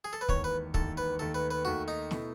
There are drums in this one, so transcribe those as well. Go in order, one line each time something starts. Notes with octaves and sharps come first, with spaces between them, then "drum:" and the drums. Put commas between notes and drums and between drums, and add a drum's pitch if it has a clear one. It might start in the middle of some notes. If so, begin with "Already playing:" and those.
G#4
A4
B4
E1 D#2 D#3 C#5, drum: kick
B4
E1 D#2 D#3 A4, drum: kick
B4
D#2 D#3 A3 A4
B4
B4
D#2 D#3 A3 F#4
D#4
B2 A3 E4, drum: snare